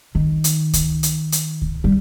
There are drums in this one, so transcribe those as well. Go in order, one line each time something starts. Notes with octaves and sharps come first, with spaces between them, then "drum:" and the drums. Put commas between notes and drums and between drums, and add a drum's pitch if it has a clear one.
D#3
drum: hi-hat
drum: kick C#2, hi-hat
drum: hi-hat
drum: hi-hat
drum: kick C#2
G3